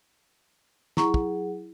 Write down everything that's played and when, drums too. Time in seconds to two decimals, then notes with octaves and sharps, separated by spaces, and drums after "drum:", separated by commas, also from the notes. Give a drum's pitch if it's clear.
0.97 F#3 E4 G#4 F#5 A#5 C#6, drum: snare
1.14 drum: kick